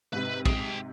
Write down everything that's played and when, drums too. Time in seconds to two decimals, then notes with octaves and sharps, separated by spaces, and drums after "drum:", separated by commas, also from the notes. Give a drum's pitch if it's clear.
0.13 G#2 C3 B4
0.46 G#4 G5, drum: kick